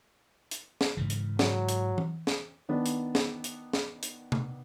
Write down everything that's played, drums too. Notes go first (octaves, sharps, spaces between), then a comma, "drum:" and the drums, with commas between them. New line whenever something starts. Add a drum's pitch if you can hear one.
drum: hi-hat
drum: snare
G#2 C#3 E3
drum: hi-hat
F#3, drum: snare
drum: hi-hat
drum: tom E3
drum: snare
D#3 B3 D4
drum: hi-hat
drum: snare
drum: hi-hat
drum: snare
drum: hi-hat
drum: tom C3